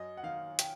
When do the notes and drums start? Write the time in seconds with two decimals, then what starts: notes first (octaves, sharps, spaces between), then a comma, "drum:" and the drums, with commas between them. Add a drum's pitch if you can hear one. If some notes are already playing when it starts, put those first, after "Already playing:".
Already playing: F#2 D#5
0.17 F#5
0.23 D#3 F5
0.59 G5, drum: hi-hat